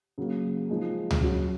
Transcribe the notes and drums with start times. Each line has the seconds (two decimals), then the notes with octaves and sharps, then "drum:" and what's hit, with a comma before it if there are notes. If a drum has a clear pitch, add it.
0.18 C#3 F#3 A#3
0.69 F3 G#3 D#4 G#4
1.11 drum: tom C#2
1.21 F#3 C#4 F#4